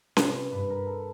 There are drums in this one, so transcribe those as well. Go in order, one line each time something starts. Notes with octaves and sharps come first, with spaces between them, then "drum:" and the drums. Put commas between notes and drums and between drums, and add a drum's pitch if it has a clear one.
C3 B4, drum: snare C#4
B4
G2 B4
A#4
A4